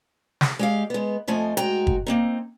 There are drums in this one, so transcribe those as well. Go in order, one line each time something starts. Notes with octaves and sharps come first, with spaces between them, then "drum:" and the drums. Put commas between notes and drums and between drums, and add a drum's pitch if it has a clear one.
drum: snare
G#3 G4 F5
G#3 B3
F2 F3 A3 D#5 G#5
G#2 F#4 G5 A#5, drum: hi-hat
drum: kick
A#3 C4 D#4